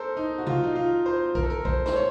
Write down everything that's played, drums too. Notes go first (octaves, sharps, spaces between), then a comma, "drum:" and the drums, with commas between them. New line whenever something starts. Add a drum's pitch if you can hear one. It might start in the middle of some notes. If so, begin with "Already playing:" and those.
Already playing: A4 A#4 C5
D#4
F#4
F4, drum: tom C3
D#4
F4
C5
A#4, drum: kick A#1
A4
A#4
C5, drum: kick A#1
C5, drum: snare
C#5